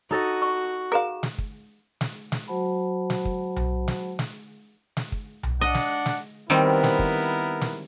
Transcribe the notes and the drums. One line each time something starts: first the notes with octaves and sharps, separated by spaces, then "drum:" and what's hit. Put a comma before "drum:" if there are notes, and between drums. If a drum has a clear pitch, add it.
D#4 F#4 A4 D#5
C#6
G#4 A#4 F5 A#5
drum: snare
drum: kick
drum: snare
drum: snare
F#3 F#4 C5 F#5 A5 B5
drum: snare
drum: kick
drum: tom B1
drum: snare
drum: snare
drum: snare
drum: kick
drum: tom B1
D4 D#5 F#5
drum: snare
drum: snare
D#3 G3 B3 C4 E4 A#4
drum: snare
drum: kick
drum: snare